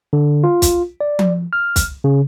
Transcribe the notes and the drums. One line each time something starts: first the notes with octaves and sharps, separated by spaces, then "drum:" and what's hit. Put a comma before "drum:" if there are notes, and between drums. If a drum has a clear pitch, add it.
D3
F4
drum: kick, hi-hat
D5
drum: tom F3
F6
drum: kick, hi-hat
C#3